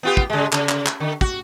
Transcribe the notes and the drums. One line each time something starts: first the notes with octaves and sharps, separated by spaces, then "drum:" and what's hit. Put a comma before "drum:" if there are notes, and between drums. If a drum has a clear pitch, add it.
B3 F4 G4
drum: kick
C#3 G#3
C#3, drum: clap
drum: clap
drum: clap
D3
F#4, drum: kick